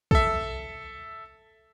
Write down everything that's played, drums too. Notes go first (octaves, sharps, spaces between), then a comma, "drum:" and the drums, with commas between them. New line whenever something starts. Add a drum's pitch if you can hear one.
A4 E5, drum: kick